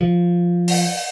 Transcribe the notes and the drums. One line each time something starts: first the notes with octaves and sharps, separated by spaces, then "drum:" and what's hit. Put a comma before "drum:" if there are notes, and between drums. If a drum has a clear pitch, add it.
F3
drum: open hi-hat